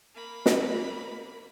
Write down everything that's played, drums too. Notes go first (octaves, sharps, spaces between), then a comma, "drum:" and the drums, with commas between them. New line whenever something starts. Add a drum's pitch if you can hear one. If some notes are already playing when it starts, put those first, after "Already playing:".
A#3 B5
drum: snare